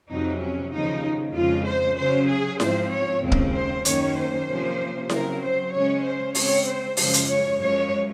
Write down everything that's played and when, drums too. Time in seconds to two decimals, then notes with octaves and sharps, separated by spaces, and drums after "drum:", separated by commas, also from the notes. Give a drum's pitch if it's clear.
0.09 F2 C3 F#3 D#4
0.41 C#4
0.72 D#2 C#3 F3 D#4
1.35 F2 C#3 F3 G#3 F4
1.66 C5
1.97 C#3 F#3 C#4 C5
2.28 G#4
2.60 G#2 F3 C4 C5, drum: snare E4
2.90 C#5
3.22 D#2 C#3 F3 G#3 C4
3.32 drum: kick
3.53 C5
3.85 F#2 D#3 A#3 C#4 C#5, drum: hi-hat
4.16 C5
4.47 C3 F3 A#3 C#4
5.09 C#3 F#3 C4 A#4, drum: snare E4
5.41 C5
5.72 C#3 G#3 C#4 C#5
6.03 C5
6.35 C#3 G#3 C4 C#5, drum: open hi-hat
6.66 C5
6.97 F#2 C#3 F3 G#3 C5, drum: open hi-hat
7.13 drum: hi-hat
7.29 C#5
7.59 F#2 F3 G#3 C#5